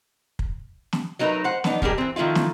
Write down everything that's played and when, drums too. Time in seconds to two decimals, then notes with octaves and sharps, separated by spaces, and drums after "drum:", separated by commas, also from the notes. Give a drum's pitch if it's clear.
0.39 drum: kick
0.93 drum: snare
1.19 F#3 A3 D#4 G#4 A#4 B4
1.44 C5 F#5
1.64 B3 D4 D#4, drum: snare
1.82 B2 G3 D4 G4 G#4 A#4, drum: kick
1.98 E3 C4
2.16 D#3 F3 A3 E4 F4
2.35 drum: snare